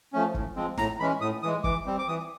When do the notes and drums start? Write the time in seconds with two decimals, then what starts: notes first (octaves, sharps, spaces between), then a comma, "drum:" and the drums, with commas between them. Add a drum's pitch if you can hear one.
0.13 F3 A3 C#4
0.34 A2, drum: kick
0.56 F3 G#3 C4
0.78 A2 A#5, drum: snare
1.00 E3 G#3 C#4 B5
1.21 A2 D#6
1.43 E3 G#3 D#6
1.64 E3 D6, drum: kick
1.86 G3 C4
1.99 D6
2.08 E3 D#6